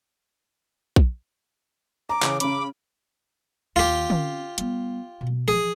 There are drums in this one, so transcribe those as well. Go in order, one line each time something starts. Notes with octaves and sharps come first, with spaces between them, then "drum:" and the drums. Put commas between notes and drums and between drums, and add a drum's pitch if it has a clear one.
drum: kick A#1
A#5 D6
C#3 E3 D7, drum: clap
C#3 C#4 B5 D6, drum: hi-hat
D#2 D#3 F4 G4
C4 C#4, drum: tom D3
G3 B3, drum: hi-hat
B2
E3 F3 G#4